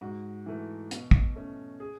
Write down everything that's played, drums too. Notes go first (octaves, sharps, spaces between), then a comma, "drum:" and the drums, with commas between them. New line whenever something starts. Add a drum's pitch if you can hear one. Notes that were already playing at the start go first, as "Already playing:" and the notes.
G#2 F#4
E3 A3
B2, drum: hi-hat
drum: kick
A3 C#4
G#4